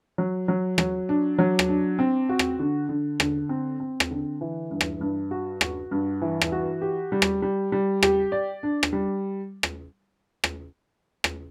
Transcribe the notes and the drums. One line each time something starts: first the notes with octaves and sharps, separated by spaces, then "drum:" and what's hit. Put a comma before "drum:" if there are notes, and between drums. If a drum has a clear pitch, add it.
F#3
F#3
F#3, drum: rim click
D4
F#3
drum: rim click
D4
C4
F#4
drum: rim click
D3
D3
D3, drum: rim click
C4
C4
drum: rim click
D3
E3
G2
drum: rim click
G2
F#4
F#4, drum: rim click
G2
E3
drum: rim click
F#4
G4
G3
drum: rim click
G3
G3
G4, drum: rim click
D5
D4
drum: rim click
G3
drum: rim click
drum: rim click
drum: rim click